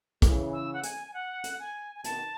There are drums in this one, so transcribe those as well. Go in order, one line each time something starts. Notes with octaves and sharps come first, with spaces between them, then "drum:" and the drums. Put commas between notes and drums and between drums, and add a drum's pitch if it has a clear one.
C#3 E3, drum: kick, hi-hat
E6
F#5
G#5, drum: hi-hat
G#5
F#5
drum: hi-hat
G#5
G#5
B2 D#3 A5, drum: hi-hat